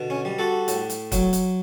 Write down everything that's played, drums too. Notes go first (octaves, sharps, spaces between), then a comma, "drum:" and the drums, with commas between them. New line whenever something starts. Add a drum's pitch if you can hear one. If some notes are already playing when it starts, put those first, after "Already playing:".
Already playing: B2 D3
C#4
G3
F#4 A4
A2, drum: hi-hat
drum: hi-hat
F#3, drum: kick, hi-hat
drum: hi-hat